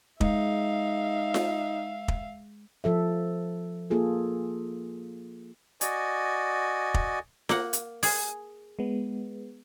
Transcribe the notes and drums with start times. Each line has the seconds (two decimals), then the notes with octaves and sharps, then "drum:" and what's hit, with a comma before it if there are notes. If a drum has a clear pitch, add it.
0.21 G#3 D#4 E5 F5, drum: kick
1.34 drum: snare F4
2.08 drum: kick
2.84 F3 A4 E5
3.90 A#3 F4 G#4 A4
5.81 F#4 D5 D#5 G#5, drum: hi-hat
6.94 drum: kick
7.49 A#3 F#5, drum: snare F4
7.73 drum: hi-hat
8.03 G#4, drum: open hi-hat
8.79 G#3 B3